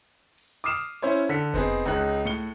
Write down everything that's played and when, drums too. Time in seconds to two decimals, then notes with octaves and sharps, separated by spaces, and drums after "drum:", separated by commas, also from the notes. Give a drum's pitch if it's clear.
0.38 drum: open hi-hat
0.64 D6 D#6 F6 C7 E7
0.76 drum: hi-hat
1.02 C#4 E4 C5 C#5
1.29 D3 B6 C#7
1.54 B3 C4 D#4 G#4, drum: kick F1, hi-hat
1.86 C#2 C#3 D#4 F#6
2.25 A2 C#7 G7